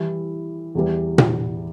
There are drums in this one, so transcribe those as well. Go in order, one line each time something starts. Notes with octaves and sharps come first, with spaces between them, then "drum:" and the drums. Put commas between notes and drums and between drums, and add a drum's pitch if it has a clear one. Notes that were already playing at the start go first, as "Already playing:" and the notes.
Already playing: E3 G3 E4
E2 E3 G3
drum: tom A#2